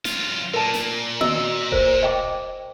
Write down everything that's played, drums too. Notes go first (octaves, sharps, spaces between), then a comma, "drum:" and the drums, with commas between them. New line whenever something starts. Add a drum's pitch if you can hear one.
F#2 F4, drum: snare
A#2 A#4 A5
drum: snare
F#4 D#5 E6, drum: tom A#3
A#4 C5, drum: kick D#1
D#5 G5 D6